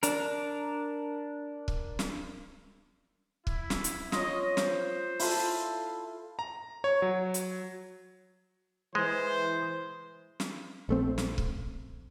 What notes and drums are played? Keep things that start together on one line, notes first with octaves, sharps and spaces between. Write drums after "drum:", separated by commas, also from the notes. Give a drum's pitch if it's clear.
D4 A#4, drum: hi-hat
drum: kick
drum: snare
E4, drum: kick
drum: snare
drum: hi-hat
F4 C#5 D#5, drum: snare
C5, drum: snare
E4 F4 A4, drum: open hi-hat
A#5
C#5
F#3
drum: hi-hat
E3 G#3 C5
drum: snare
A#1 A3 C4
drum: snare
drum: kick